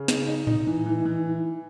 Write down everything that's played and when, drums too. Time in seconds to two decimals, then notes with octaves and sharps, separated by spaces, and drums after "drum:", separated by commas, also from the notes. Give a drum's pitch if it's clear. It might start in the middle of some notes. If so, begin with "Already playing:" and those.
Already playing: C#3
0.08 D#4, drum: snare
0.28 D#4
0.47 D#4, drum: tom A2
0.67 E3
0.86 E3
1.05 E3